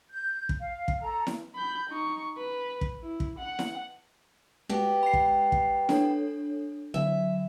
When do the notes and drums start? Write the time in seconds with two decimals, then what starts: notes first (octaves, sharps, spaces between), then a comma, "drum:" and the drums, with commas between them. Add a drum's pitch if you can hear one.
0.11 G6
0.49 drum: kick
0.60 F5
0.88 drum: kick
1.00 A4 A#5
1.27 drum: snare E4
1.56 B5 G6
1.90 D#4 C#6
2.38 B4
2.81 drum: kick
3.04 E4
3.20 drum: kick
3.39 F#5
3.59 drum: snare E4
4.69 G#3 B3 G4
5.03 B5 C7
5.13 drum: kick
5.52 drum: kick
5.89 D4 A4 C#5, drum: snare E4
6.94 D3 F#3 E5